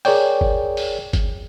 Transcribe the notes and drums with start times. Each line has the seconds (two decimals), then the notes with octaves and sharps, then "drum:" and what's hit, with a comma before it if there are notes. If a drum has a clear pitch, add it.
0.05 G#4 A#4 C#5 D5 G5, drum: open hi-hat
0.41 drum: kick G1
0.77 drum: open hi-hat
1.13 drum: kick G1, hi-hat